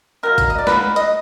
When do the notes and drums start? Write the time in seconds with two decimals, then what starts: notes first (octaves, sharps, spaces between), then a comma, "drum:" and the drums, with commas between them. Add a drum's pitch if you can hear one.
0.23 B2 F#3 A#3 A#4
0.38 drum: kick G#1, hi-hat
0.50 D#5
0.58 D5
0.67 B2 F#3 A#3 B4, drum: snare
0.96 D#5, drum: hi-hat